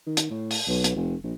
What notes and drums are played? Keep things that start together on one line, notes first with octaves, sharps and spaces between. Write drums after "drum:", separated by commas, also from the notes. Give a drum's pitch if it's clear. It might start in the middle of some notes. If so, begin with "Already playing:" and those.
D#3
drum: hi-hat
A2
drum: open hi-hat
B1
drum: hi-hat
F1
A#1